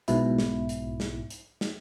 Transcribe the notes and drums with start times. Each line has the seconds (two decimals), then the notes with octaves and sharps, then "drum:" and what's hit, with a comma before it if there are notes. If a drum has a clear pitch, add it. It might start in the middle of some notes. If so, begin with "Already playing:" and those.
0.08 B1 G#2 B2 E4, drum: hi-hat
0.38 drum: snare
0.69 drum: hi-hat
1.00 drum: snare
1.30 drum: hi-hat
1.61 drum: snare